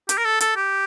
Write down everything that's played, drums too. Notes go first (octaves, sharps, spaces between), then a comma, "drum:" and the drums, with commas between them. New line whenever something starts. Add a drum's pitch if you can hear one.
G4, drum: hi-hat
A#4
A4
A4, drum: hi-hat
G4